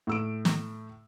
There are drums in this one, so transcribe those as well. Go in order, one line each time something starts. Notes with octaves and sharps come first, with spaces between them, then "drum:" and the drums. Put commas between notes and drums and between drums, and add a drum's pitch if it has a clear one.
A2 E6 D7
drum: snare